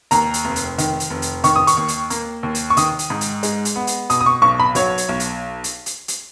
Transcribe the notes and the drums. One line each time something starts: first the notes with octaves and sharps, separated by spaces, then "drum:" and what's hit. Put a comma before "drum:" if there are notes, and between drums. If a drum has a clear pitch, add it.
D#2 A#5, drum: hi-hat
drum: hi-hat
F1
drum: hi-hat
D#3, drum: hi-hat
drum: hi-hat
F1
drum: hi-hat
D#3 C#6, drum: hi-hat
D#6
C#6, drum: hi-hat
D#2
drum: hi-hat
A#3, drum: hi-hat
D#2
drum: hi-hat
C#6
D#3 D#6, drum: hi-hat
drum: hi-hat
G#2
drum: hi-hat
G#3, drum: hi-hat
drum: hi-hat
B3
drum: hi-hat
B2 D#6, drum: hi-hat
D#6
C#6
B1 C#6
B5
F#3 C#5, drum: hi-hat
drum: hi-hat
B1
drum: hi-hat
drum: hi-hat
drum: hi-hat
drum: hi-hat